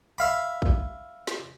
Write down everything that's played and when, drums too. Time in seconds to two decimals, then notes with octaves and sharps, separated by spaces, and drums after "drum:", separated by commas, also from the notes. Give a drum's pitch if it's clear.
0.18 E5 F5 B5
0.62 drum: kick
1.27 drum: snare